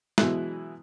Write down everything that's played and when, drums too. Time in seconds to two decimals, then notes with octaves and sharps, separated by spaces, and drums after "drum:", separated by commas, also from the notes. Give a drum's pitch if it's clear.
0.18 B2 E3 F#3 G#3 E4 F#6, drum: snare